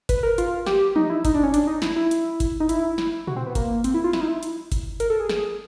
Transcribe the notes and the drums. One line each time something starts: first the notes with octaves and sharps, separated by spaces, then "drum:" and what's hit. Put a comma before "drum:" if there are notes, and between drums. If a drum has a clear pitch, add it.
B4, drum: kick G1, hi-hat
A#4
F4, drum: hi-hat
G4, drum: snare
D#4, drum: tom
E4
D#4, drum: kick G1, hi-hat
D4
C#4
D4, drum: hi-hat
D#4
E4, drum: snare
E4
drum: hi-hat
drum: kick G1, hi-hat
D#4
E4, drum: hi-hat
drum: snare
F#4, drum: tom A#2
C4
B3
A#3, drum: kick G1, hi-hat
C4, drum: hi-hat
E4
F4
E4, drum: snare
D#4
E4
drum: hi-hat
drum: kick G1, hi-hat
A#4, drum: hi-hat
A4
G#4
drum: snare